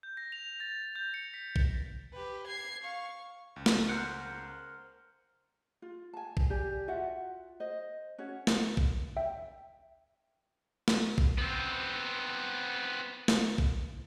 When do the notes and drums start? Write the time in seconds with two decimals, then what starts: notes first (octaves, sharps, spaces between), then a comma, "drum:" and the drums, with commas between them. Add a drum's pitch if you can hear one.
0.03 G6
0.17 A#6
0.32 F7
0.60 A6
0.96 G6
1.14 C#7
1.34 B6
1.56 drum: kick A#1
2.13 G4 B4
2.47 G#6 C7
2.84 F5 C#6
3.56 C#2
3.66 drum: snare
3.89 A#4 C5 F#5
5.82 F4
6.13 G#5 A5
6.37 drum: kick A#1
6.50 G4 D5 G#5
6.88 F4 F#4 E5 F#5
7.60 C5 D#5
8.18 C#4 F#4 C#5
8.47 drum: snare
8.77 drum: kick A#1
9.17 E5 G5
10.88 drum: snare
11.18 drum: kick A#1
11.38 B3 C4
13.28 drum: snare
13.58 drum: kick A#1